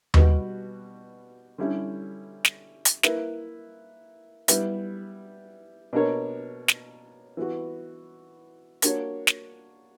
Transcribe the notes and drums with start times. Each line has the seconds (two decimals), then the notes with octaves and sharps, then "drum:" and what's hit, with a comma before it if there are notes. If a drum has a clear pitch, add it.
0.14 B2 G3 B3 F#4, drum: tom D#2
1.58 D3 G3 C#4 E4
2.45 drum: snare
2.85 drum: hi-hat
3.03 A#3 E4 B4, drum: snare
4.48 G3 B3 E4, drum: hi-hat
5.93 B2 A#3 D4 A#4 C#5
6.68 drum: snare
7.37 E3 B3 F#4
8.82 A#3 D4 F#4 C#5, drum: hi-hat
9.27 drum: snare